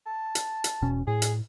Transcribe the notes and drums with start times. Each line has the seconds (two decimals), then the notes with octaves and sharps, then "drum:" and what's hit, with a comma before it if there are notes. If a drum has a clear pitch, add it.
0.06 A5
0.35 drum: hi-hat
0.64 drum: hi-hat
0.82 E1 B2 C#4
1.07 A2 G#4
1.22 drum: hi-hat